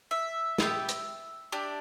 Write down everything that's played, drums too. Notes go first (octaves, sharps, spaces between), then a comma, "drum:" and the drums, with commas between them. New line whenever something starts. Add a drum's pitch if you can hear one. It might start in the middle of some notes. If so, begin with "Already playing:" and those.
E5
B3 E4 G4, drum: snare
drum: hi-hat
D4 G4